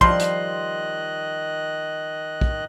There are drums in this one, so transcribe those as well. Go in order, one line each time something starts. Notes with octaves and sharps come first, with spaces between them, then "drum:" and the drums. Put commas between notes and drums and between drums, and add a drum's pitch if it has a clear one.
D#3 F3 G3 D#5 C6 F#6, drum: kick
drum: hi-hat
drum: kick